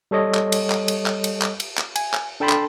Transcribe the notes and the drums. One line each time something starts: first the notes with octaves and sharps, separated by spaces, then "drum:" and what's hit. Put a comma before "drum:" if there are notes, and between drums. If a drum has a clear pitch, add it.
G3 A4 C#5 D#5
drum: clap
drum: cymbal
drum: clap
drum: cymbal
drum: clap
drum: cymbal
drum: clap
drum: cymbal
drum: clap
G#5, drum: cymbal
drum: clap
D4 A4 G5 A5 B5 C6
drum: clap